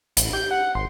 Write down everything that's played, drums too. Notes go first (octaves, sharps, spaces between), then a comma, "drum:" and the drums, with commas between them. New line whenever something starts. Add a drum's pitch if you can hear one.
A1, drum: hi-hat
G4 G6
F#5
G#1 C6